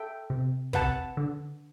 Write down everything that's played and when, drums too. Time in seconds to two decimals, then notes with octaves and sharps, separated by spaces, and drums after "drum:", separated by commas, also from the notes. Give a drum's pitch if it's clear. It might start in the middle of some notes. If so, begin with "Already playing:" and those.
Already playing: A4 E5 G5
0.30 C3
0.73 C3 B4 F#5 A5, drum: kick
1.17 D3